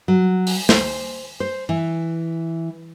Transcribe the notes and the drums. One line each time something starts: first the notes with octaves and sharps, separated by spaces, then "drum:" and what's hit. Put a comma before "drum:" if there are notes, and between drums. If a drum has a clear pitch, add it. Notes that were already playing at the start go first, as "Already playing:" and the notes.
F#3
drum: open hi-hat
C5, drum: snare
C5
E3